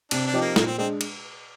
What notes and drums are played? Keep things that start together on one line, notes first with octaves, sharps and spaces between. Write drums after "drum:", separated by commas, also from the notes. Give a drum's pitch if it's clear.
C3 D4, drum: cymbal
D4
F3 C4 D#4 G4
A#3
A#2 A#3, drum: snare
C4
G#3 C4 D4
drum: cymbal